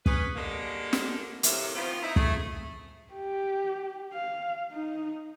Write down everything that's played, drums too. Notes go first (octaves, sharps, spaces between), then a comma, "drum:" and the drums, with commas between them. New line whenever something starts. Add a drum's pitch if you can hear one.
C#4 G#4 B4, drum: kick
D3 G3 G#3 A#3
drum: snare
F#2 A2 C3 A#3 E5, drum: hi-hat
D#3 F3 B3 C4 F4
D#4 E4
A3 G#4, drum: kick
G4
F5
D#4